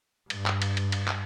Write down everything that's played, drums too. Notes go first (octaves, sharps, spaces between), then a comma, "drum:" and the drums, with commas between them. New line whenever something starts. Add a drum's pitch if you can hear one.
G2, drum: cymbal
drum: clap
drum: cymbal
drum: cymbal
drum: cymbal
drum: clap